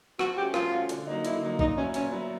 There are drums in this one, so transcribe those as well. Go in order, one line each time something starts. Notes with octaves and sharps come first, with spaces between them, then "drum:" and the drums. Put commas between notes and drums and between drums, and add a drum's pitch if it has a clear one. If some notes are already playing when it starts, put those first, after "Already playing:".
F3 F#4, drum: rim click
A3 C#4 F#4 G4
F3 F4, drum: rim click
A3 C#4 F#4
D3, drum: hi-hat
F#3 A#3 D#4
D3 E4, drum: hi-hat
F#3 A#3 D#4
A#2 D#4, drum: kick A#1
F#3 B3 C#4 E4
A#2 C#4, drum: hi-hat
F#3 B3 E4